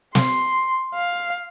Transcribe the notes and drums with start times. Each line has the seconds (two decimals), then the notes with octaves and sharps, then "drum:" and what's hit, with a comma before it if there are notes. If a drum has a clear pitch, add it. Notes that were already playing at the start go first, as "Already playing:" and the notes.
0.15 C6, drum: snare
0.95 F5